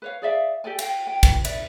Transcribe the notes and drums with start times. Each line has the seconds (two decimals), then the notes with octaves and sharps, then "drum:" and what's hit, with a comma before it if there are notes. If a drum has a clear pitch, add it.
0.02 B4 C#5 F5
0.22 G#4 D5 E5 F5
0.64 G4 A4 D5 G#5
0.79 F5 G5, drum: cymbal
1.07 G5
1.23 drum: kick, cymbal
1.45 B4 D5 E5, drum: cymbal